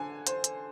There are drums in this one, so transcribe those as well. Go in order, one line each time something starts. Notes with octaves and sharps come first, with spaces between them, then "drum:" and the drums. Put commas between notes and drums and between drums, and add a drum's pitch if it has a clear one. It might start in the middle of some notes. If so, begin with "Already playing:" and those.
Already playing: D3 G#5
C5, drum: hi-hat
drum: hi-hat